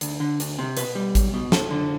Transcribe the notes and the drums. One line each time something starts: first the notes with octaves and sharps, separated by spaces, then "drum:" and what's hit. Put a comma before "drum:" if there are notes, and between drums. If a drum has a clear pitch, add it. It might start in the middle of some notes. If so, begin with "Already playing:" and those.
D2, drum: hi-hat
D3
D2, drum: hi-hat
C3
B2 B4, drum: hi-hat
G3
B1, drum: kick G#1, hi-hat
B2
F#2 A4, drum: snare
D3